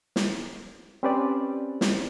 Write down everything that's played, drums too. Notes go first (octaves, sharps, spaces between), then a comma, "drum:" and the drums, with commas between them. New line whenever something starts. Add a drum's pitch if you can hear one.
drum: snare
C4 C#4 G4 B4 C5 D5
drum: snare